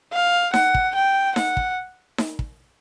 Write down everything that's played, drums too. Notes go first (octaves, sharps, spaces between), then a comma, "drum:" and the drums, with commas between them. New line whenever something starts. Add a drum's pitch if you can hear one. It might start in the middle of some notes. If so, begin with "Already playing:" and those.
F5
F#5, drum: snare D#4
drum: kick
G5
F#5, drum: snare D#4
drum: kick
drum: snare D#4
drum: kick